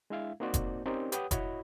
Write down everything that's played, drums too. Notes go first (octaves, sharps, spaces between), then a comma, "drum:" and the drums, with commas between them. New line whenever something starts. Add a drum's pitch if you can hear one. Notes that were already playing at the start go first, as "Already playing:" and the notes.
G#3 D4 E4 E5 F5
A#3 C4 D#4 F#4 C5 D5
drum: kick F1, hi-hat
C4 C#4 D#4 G4 A#4 D5
G4 B4 C#5 F#5 G5 D#6, drum: hi-hat
E4 F#4 C#5 D#5 B5, drum: kick F1, hi-hat